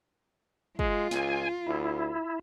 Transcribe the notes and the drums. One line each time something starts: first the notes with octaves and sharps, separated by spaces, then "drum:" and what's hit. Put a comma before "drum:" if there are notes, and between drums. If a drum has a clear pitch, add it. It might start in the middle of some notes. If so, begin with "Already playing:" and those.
G#3 F4, drum: kick
C#2 G#5, drum: snare
D2 E4